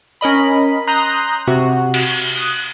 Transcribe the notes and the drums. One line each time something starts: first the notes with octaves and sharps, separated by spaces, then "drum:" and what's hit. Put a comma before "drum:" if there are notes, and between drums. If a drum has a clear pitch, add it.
C#4 A#4 D#5 B5
A#5 C6 D#6 F#6 G6
C3 F#4
drum: cymbal
D#6 F#6